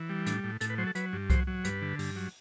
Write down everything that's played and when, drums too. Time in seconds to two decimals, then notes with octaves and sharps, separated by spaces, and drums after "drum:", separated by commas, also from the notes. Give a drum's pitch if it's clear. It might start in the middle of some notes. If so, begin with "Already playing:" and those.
Already playing: E3
0.09 G3
0.26 A2 D4, drum: hi-hat
0.44 A2
0.61 A2 A4, drum: hi-hat
0.70 B4
0.78 F#3 C5
0.87 A4
0.95 F#3 B4, drum: hi-hat
1.13 G2
1.30 F#3 C5, drum: kick C2, hi-hat
1.47 F#3
1.64 G2 B4, drum: hi-hat
1.82 D3
1.99 G2, drum: open hi-hat
2.16 F#3